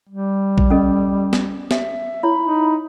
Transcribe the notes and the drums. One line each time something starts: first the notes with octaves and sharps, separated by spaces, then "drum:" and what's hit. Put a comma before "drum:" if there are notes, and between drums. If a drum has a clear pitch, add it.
G3
drum: kick A#1
C#4 A4 D#5
drum: snare
E5, drum: snare
E4 C#5 B5
D#4